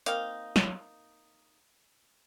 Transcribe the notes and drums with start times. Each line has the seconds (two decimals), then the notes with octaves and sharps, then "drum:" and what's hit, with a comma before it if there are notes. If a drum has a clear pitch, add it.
0.06 A#3 C4 D#4 F5, drum: hi-hat
0.56 drum: snare